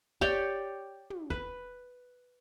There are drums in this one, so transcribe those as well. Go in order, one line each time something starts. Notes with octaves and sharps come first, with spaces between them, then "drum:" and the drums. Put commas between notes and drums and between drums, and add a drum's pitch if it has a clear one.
G4 C#5 D5 G5, drum: kick
drum: tom
B4, drum: kick